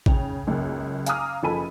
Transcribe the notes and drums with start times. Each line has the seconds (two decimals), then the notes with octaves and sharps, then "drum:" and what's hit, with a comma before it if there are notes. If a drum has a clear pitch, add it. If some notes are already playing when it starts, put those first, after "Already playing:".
0.06 C#3 G5 F7, drum: kick A1
0.47 C#2 F#2 C#3 A#3
1.06 F5 G#5 A#5 D6 D#6 F6, drum: hi-hat
1.43 F#1 F3 A4 G#5 B5 D#7